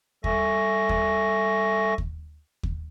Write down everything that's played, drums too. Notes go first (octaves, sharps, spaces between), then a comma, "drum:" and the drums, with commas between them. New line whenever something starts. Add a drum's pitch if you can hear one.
G3 A4 E5 G#5 C#6 A#6, drum: kick
drum: kick
drum: kick
drum: kick